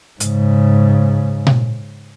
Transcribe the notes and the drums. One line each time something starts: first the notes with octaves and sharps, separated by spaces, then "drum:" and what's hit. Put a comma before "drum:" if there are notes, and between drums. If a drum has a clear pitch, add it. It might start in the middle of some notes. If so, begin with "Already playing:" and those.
G#2 C#3, drum: hi-hat
drum: tom A#2